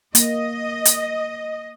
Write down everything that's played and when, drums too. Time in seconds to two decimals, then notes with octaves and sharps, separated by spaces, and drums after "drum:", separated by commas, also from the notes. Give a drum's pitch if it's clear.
0.15 A#3 D#5, drum: hi-hat
0.85 drum: hi-hat